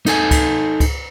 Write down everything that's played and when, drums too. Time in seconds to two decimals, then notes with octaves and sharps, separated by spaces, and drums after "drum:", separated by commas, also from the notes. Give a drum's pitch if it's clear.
0.06 D#4 A4 G#5, drum: cymbal
0.31 drum: kick C#2, cymbal
0.80 drum: kick C#2, cymbal